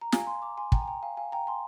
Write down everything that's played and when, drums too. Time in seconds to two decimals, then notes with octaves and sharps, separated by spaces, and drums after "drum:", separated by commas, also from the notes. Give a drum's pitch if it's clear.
0.01 A#5
0.12 F5 G#5, drum: snare
0.27 G#5 C6
0.42 A#5 D6
0.57 G#5 C6
0.72 G5 A#5, drum: kick
0.82 G#5
0.88 G5 A#5
1.03 F5 G#5
1.17 F5 G#5
1.32 G5 A#5
1.47 G#5 C6